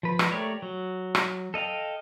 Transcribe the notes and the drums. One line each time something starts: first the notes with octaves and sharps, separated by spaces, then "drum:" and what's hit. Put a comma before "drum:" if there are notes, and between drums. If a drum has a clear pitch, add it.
F3 B4
drum: rim click
A3 G4 A#4 C#5 D5
F#3
drum: rim click
A4 D#5 F5 G5